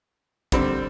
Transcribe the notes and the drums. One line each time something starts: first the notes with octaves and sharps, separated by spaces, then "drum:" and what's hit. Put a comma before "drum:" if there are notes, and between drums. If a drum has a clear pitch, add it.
D3 G3 C4, drum: kick, hi-hat